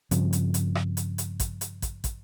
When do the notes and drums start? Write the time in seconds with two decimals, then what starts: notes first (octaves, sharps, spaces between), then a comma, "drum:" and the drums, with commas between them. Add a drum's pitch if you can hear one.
0.11 G2 C#3 F3 C4, drum: hi-hat
0.33 drum: hi-hat
0.54 drum: hi-hat
0.75 drum: rim click
0.97 drum: hi-hat
1.18 drum: hi-hat
1.40 drum: kick, hi-hat
1.61 drum: hi-hat
1.82 drum: kick, hi-hat
2.04 drum: kick, hi-hat